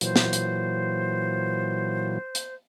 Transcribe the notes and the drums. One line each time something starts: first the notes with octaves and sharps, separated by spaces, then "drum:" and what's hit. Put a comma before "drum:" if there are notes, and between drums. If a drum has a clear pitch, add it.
A#2 E3 F#3 C5, drum: hi-hat
drum: snare
drum: hi-hat
drum: hi-hat